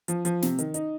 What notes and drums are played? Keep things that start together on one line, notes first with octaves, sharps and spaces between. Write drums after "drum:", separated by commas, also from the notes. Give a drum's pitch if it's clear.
F3, drum: hi-hat
F3, drum: hi-hat
C3, drum: snare
D#3, drum: hi-hat
D#4, drum: hi-hat